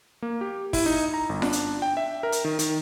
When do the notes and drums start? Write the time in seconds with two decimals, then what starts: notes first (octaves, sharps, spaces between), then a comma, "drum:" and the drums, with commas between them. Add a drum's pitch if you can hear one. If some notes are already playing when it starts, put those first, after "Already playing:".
0.22 A#3
0.41 G4
0.73 E4, drum: kick, open hi-hat
0.86 D#4
1.14 A#5
1.29 G1
1.42 D4, drum: snare F4
1.53 drum: hi-hat
1.82 G5
1.97 E5
2.23 A#4
2.32 drum: hi-hat
2.45 D#3
2.59 D#3, drum: hi-hat